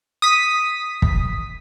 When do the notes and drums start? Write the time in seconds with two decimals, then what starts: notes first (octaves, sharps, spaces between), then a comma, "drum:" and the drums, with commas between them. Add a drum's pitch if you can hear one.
0.22 D#6 B6
1.02 drum: kick